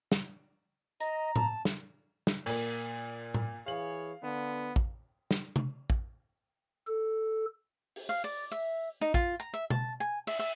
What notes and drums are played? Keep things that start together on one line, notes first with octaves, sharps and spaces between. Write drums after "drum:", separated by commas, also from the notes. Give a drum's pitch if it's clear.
drum: snare
D#5 A#5, drum: hi-hat
A5, drum: tom A2
drum: snare
drum: snare
A#2 A#3, drum: cymbal
drum: tom A2
E3 G#4 C#5 F5 F#7
D3 B3
drum: kick A1
drum: snare
drum: tom C3
drum: kick A1
A4
drum: open hi-hat
F5
D5
E5
D#4
F4, drum: kick A1
A#5
E5
A5, drum: tom B2
G#5
E5, drum: cymbal
E5